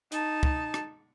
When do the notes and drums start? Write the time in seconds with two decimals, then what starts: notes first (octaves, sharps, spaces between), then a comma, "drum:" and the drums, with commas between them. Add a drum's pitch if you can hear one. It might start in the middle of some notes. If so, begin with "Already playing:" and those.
0.12 D#4 A5, drum: hi-hat
0.43 drum: kick
0.74 drum: rim click